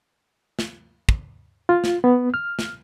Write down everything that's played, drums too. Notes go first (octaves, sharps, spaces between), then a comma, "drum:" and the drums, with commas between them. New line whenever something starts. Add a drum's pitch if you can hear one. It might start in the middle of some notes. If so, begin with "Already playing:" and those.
drum: snare
drum: kick
F4
drum: snare
B3
F6
drum: snare